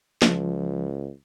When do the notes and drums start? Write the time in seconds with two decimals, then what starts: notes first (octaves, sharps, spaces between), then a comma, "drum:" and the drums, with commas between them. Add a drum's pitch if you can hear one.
0.22 C#2 F3, drum: snare